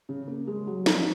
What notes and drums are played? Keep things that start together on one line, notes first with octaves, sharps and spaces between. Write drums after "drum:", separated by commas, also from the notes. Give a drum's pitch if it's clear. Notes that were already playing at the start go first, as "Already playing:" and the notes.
C#3
A#3
G#3
F#3
F3, drum: snare